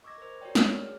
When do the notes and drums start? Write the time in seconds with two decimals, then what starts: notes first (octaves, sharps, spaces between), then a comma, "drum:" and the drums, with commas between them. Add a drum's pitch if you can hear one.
0.03 D#5 C#6 D6 E6 G#6 A#6
0.18 A#4 C5
0.41 F#4 G4 A#4 C#5 D5 G5
0.55 C#5, drum: snare
0.68 F6
0.83 G#4